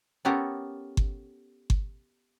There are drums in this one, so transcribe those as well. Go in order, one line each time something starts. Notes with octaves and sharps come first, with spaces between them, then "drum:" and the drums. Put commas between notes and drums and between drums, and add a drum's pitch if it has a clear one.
B3 C#4 G4 A4 A#4
drum: kick G1
drum: kick G1